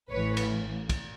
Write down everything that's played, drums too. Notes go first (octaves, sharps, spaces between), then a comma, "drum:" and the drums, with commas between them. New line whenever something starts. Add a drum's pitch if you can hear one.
A1 A2 E3 B4 C#5
drum: cymbal
drum: kick, cymbal